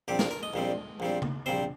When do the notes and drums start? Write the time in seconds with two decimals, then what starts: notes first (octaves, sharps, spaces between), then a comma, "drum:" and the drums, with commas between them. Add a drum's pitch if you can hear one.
0.08 A#1 A#2 G3 C4 G4
0.19 A#4, drum: snare
0.31 A#4
0.43 D#5
0.54 A#1 A#2 G3 C4
1.00 A#1 A#2 G3 C4
1.22 drum: tom C#3
1.46 A#1 A#2 G3 C4 C5